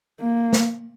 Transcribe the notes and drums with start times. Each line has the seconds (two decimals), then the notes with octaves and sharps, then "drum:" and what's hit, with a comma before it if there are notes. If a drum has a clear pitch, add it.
0.20 A#3
0.53 drum: snare